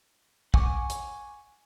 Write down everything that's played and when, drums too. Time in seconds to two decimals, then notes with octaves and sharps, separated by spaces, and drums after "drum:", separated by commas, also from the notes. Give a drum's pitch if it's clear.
0.54 F#5 G#5 C#6 D6, drum: kick
0.90 drum: hi-hat